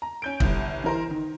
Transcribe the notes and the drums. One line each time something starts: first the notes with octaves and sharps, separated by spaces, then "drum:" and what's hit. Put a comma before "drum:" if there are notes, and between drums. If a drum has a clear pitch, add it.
A#5
C#4 G6 D7
G1 C2, drum: kick
E3 A#4 C5
D#3